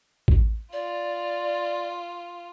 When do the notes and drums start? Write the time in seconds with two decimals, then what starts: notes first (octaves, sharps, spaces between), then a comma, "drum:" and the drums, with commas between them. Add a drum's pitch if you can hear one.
0.28 drum: kick A1
0.73 F4 D5